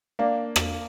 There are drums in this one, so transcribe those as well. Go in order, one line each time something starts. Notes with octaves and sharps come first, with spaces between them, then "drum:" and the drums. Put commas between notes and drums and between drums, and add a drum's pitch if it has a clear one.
A#3 D4
drum: rim click